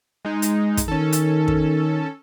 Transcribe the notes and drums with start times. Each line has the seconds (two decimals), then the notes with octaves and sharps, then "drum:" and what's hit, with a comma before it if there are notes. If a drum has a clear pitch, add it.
0.25 G#3 D#4
0.42 drum: hi-hat
0.77 drum: kick, hi-hat
0.88 D#3 C#4 A4
1.13 drum: hi-hat
1.48 drum: kick